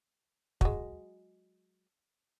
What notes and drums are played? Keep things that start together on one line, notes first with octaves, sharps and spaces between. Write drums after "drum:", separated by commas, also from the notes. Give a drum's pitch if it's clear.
F#3 G#3, drum: kick